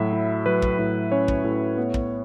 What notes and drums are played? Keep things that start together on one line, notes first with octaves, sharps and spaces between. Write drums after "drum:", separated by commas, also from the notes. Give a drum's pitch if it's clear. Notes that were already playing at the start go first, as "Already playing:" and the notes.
Already playing: A2 F#3 E5
E4
F#3 B4
drum: kick
A2
C#4 C#5
drum: kick
A2
B3
drum: kick